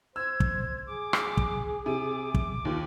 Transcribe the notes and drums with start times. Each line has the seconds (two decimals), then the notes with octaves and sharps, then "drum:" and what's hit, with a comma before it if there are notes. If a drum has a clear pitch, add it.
0.16 C5 E6 G#6
0.40 drum: kick
0.87 G#4 D6
1.13 drum: rim click
1.37 drum: kick
1.86 C3 D6
2.34 drum: kick
2.65 D#2 F4